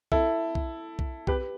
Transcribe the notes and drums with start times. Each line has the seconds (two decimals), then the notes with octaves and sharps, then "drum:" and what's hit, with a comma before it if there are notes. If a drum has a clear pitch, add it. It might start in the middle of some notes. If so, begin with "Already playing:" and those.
0.12 E4 A4, drum: kick B1
0.55 drum: kick B1
0.99 drum: kick B1
1.27 G4 B4, drum: kick B1